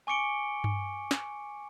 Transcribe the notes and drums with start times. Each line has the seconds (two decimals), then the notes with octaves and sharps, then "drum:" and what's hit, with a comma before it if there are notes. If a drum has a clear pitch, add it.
0.07 G#5 C#6 D6 C#7 D7 G7
0.64 drum: tom G2
1.11 drum: snare